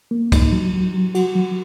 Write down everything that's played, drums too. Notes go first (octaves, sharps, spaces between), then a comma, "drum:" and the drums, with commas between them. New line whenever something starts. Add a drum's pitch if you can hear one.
A#3
D#4, drum: kick, cymbal
F#3
F#3
F#3
F#4, drum: cymbal
F#3